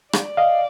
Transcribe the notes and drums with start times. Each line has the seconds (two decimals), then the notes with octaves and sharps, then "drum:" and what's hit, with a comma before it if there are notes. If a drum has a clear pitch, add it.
0.13 D5, drum: rim click
0.37 D#5 F5